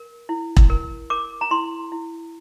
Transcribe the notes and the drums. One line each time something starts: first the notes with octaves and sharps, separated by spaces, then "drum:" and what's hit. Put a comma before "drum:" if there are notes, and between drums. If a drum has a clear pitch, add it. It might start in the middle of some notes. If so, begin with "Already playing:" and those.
Already playing: A#4
E4
drum: kick E1
A#4
A#4 D6
A#5
E4 C6
E4